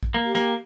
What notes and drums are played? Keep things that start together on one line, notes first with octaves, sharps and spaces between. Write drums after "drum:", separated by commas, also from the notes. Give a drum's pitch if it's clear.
drum: kick
A#3
G4
A#3, drum: snare